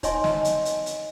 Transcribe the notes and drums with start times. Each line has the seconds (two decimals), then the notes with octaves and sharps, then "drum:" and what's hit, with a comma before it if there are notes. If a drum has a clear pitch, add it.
0.03 D#4 C#5 D#5 E5 G#5 C6, drum: kick, hi-hat
0.24 drum: snare
0.45 drum: hi-hat
0.65 drum: hi-hat
0.86 drum: hi-hat